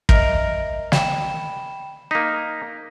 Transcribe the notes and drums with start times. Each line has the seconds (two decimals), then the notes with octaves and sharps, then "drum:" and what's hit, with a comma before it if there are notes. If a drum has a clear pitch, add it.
0.09 A#4 D#5 E5, drum: kick
0.92 G5 B5 E7, drum: snare
2.11 A#3 D#4 B6